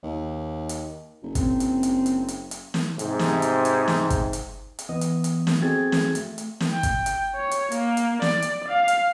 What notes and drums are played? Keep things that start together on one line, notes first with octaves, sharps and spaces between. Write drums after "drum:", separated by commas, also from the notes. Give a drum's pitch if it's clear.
D#2
drum: hi-hat
F#1
C4, drum: kick, hi-hat
drum: hi-hat
drum: hi-hat
drum: hi-hat
drum: hi-hat
drum: hi-hat
drum: snare
G#2 C3, drum: hi-hat
drum: snare
drum: hi-hat
drum: hi-hat
drum: snare
drum: kick, hi-hat
drum: hi-hat
drum: hi-hat
E3 B3 D#5 D#6
drum: hi-hat
drum: hi-hat
drum: snare
C4 F#4 G#4 A4 G#6 A6
drum: snare
A3, drum: hi-hat
drum: hi-hat
drum: snare
G5
drum: kick, hi-hat
drum: hi-hat
C#5
drum: hi-hat
A#3, drum: hi-hat
drum: hi-hat
D5, drum: snare
drum: hi-hat
F5
drum: hi-hat